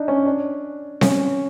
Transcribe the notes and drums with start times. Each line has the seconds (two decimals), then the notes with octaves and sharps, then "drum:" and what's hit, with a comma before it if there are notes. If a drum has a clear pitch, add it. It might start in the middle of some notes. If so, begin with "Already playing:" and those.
Already playing: D4 D#4
0.08 C#4
0.26 D4
1.01 C#4, drum: snare C4